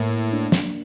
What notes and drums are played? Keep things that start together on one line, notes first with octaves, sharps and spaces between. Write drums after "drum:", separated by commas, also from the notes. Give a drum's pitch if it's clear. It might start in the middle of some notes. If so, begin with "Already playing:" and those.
Already playing: A2 A#3
D4
drum: snare